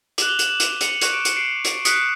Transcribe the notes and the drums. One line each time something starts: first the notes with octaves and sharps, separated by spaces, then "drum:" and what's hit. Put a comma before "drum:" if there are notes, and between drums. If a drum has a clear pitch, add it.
D6 F#6 E7 F#7, drum: hi-hat
F7 G7
E7 F#7, drum: hi-hat
E7 F#7
D#7 F7, drum: hi-hat
C#7 D#7, drum: hi-hat
C#6 F#6 D#7, drum: hi-hat
D7
C#7, drum: hi-hat
C7 D7
drum: hi-hat
D#6 F#6 B6 C#7, drum: hi-hat